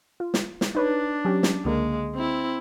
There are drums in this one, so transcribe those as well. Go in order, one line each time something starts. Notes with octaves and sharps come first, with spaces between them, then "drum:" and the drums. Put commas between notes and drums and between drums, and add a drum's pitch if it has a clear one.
F4
drum: snare
drum: snare
D4 D#4 B4 C#5
F#3 C#4 G4
drum: snare
C#2 D3 G#3 A#3
C4 E4